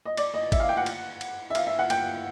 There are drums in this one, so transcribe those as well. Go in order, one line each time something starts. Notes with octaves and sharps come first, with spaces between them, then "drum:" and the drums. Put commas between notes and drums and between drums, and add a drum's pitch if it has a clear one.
D#5
D5, drum: cymbal
D#5
E5, drum: kick G#1, cymbal
F5
G5
F#5
drum: cymbal
drum: cymbal
E5
F5, drum: cymbal
E5
F#5
G5, drum: cymbal